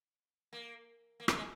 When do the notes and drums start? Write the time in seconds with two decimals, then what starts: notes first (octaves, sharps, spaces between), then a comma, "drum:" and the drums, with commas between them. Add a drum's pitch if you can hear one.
0.53 A#3
1.20 A#3
1.28 A3, drum: rim click
1.36 G#3